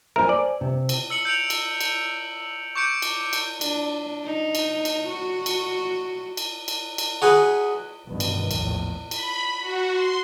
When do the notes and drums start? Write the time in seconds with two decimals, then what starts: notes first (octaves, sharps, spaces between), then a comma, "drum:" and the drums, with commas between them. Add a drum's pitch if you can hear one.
0.16 A4 A#4 C5 E5 G#5
0.29 D5
0.61 C3
0.89 drum: cymbal
1.10 E6 C#7 F#7
1.25 G6 C#7 D7 F7
1.50 drum: cymbal
1.81 drum: cymbal
2.75 C#6 D6 G6 C#7 D7
3.02 drum: cymbal
3.33 drum: cymbal
3.61 D4, drum: cymbal
4.25 D#4
4.55 drum: cymbal
4.85 drum: cymbal
5.08 F#4
5.46 drum: cymbal
6.37 drum: cymbal
6.68 drum: cymbal
6.98 drum: cymbal
7.22 F#4 G#4 B4
8.06 A1 G2 B2 D#3 B3
8.20 drum: cymbal
8.51 A#1 E2 A2, drum: cymbal
9.11 B5, drum: cymbal
9.60 F#4
9.91 C6